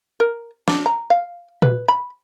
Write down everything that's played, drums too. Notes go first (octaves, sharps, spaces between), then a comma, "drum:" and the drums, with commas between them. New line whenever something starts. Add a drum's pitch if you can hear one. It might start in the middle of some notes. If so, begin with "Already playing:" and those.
A#4
D4, drum: snare
A#5
F5
B4, drum: tom A#2
B5